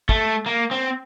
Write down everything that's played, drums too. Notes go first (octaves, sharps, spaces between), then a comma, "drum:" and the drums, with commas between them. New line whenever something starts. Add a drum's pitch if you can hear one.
A3, drum: kick
A#3
C4